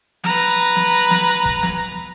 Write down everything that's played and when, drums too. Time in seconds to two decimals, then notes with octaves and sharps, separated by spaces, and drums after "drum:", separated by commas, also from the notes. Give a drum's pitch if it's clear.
0.24 B4 A#5, drum: snare
0.76 drum: snare
1.11 drum: snare
1.45 drum: kick
1.63 drum: snare